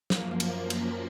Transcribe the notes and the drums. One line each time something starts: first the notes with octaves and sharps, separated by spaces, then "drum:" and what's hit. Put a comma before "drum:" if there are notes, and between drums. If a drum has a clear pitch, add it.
F#2 F3 A#3, drum: snare
drum: cymbal
drum: cymbal